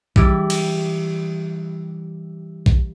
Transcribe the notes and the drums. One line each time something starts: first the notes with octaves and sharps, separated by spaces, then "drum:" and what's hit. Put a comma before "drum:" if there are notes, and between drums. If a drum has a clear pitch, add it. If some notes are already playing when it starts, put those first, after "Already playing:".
E3 G3 E4, drum: kick
drum: cymbal
drum: kick